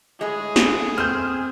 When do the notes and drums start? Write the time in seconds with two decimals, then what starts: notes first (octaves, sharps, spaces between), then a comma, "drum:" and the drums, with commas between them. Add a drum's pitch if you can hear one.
0.21 A2 G#3 G#4
0.56 drum: snare
0.98 C4 F6 G6